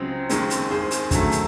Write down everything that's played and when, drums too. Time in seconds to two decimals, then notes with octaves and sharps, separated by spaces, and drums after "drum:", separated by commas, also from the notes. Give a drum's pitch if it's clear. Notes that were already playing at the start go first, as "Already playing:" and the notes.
Already playing: C#2 C#3 F#3 C4
0.30 D#2 D#3 G#3 C4, drum: hi-hat
0.50 drum: hi-hat
0.71 G#4 C5
0.91 drum: hi-hat
1.11 F#2 D#3 F#3 A3, drum: kick, hi-hat
1.31 drum: hi-hat